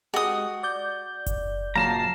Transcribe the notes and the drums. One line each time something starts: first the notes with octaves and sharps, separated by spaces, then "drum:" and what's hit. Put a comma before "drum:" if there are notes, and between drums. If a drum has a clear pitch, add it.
G#3 F#4 G4 D#6
D5 G6
drum: kick F#1, hi-hat
F#2 A#2 C#3 F5 A5 A#5 C7